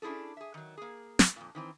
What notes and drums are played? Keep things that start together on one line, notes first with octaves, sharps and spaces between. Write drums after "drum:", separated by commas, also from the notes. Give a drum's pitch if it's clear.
C#4 D4 E4 G#4 A4
G#4 E5
D#3 F#3
A#3 G#4
drum: snare
F2 A#2
D#3 E3 C4